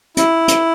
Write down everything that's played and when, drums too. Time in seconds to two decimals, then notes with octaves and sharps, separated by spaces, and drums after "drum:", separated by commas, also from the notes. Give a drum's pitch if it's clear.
0.17 E4, drum: hi-hat
0.48 drum: hi-hat